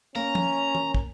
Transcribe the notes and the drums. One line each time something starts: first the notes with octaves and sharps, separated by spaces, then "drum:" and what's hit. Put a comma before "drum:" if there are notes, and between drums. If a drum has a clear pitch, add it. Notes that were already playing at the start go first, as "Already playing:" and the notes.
A#3 C#4 A#5
drum: tom
drum: tom E3
drum: kick